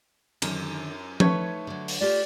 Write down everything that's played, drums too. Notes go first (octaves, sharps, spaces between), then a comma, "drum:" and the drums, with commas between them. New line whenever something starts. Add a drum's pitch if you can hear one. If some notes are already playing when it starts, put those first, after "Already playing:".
F#2 D3 D#3, drum: cymbal
A3 D#4 B4 C#5 C#6 G#6, drum: tom F3
D3 F#3
drum: open hi-hat
A3 F4 G4 D5